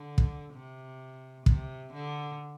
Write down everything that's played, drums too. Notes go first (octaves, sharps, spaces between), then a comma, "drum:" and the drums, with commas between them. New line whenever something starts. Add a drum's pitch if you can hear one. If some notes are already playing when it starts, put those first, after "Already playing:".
Already playing: D3
drum: kick
C3
C3, drum: kick
D3